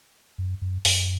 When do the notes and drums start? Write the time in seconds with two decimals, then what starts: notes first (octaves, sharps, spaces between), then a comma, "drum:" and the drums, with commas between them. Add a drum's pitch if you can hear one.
0.38 F#2
0.62 F#2
0.85 F#2, drum: open hi-hat